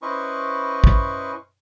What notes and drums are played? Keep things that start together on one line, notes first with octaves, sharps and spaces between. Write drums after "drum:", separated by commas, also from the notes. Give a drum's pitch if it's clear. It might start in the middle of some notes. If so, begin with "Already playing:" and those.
C#4 E4 B4 C5 D#5 C#6
drum: kick